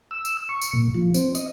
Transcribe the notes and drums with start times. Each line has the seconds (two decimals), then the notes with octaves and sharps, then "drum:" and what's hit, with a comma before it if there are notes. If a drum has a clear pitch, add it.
0.11 E6
0.25 drum: tambourine
0.49 C#6
0.62 drum: tambourine
0.73 A#2
0.95 F3
1.14 C4, drum: tambourine
1.35 D#5, drum: tambourine